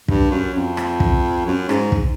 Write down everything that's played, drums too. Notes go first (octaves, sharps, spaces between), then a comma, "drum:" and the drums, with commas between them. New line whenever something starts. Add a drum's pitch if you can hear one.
G2, drum: kick
F#2
F2
drum: rim click
drum: kick
F#2
G#2, drum: rim click
drum: kick